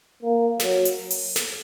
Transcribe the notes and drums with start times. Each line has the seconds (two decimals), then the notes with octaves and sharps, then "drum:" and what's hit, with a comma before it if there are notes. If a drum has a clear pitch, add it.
0.23 A#3
0.60 F#3, drum: snare
0.85 drum: hi-hat
1.11 drum: open hi-hat
1.36 drum: snare